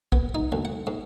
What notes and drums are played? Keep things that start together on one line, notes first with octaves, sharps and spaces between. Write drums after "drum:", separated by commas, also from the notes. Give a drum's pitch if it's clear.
B3, drum: kick B1
D#4
D2
F#5
G#2